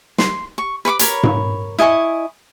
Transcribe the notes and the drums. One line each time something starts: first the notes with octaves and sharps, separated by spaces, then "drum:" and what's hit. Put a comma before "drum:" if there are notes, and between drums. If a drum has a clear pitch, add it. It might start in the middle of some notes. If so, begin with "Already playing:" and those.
C6, drum: snare
C#6
B4 B5 C#6 D6
A#4 C#5 B5, drum: hi-hat
drum: tom G#2
E4 D#5 G#5 C#6